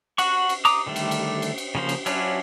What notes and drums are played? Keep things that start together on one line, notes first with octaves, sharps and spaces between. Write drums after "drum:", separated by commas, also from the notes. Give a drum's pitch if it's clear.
F#4 F#5 C#6, drum: cymbal
drum: cymbal
A#5 D6 D#6, drum: cymbal
D3 D#3 G3 A3
drum: cymbal
drum: cymbal
drum: cymbal
drum: cymbal
C#3 F3 A#3 C5
drum: cymbal
F#3 C#4 D4 E4 F4, drum: cymbal